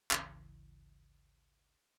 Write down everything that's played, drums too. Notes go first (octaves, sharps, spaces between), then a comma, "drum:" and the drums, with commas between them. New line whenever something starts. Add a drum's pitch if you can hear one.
G#1 D2 C#3 E3, drum: clap